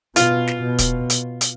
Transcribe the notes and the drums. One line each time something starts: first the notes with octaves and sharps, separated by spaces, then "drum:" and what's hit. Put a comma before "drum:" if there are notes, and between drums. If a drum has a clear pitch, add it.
B2 F4, drum: hi-hat
drum: snare
B2
drum: kick, hi-hat
drum: hi-hat
drum: hi-hat